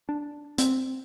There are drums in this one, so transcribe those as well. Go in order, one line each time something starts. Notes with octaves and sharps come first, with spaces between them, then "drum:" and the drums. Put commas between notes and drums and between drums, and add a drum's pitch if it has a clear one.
D4
C4, drum: hi-hat